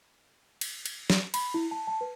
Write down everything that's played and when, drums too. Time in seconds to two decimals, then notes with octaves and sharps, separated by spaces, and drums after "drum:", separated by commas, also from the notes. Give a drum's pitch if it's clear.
0.61 drum: cymbal
0.86 drum: cymbal
1.10 drum: snare
1.34 B5, drum: cymbal
1.54 E4
1.71 A5
1.87 A5
2.01 B4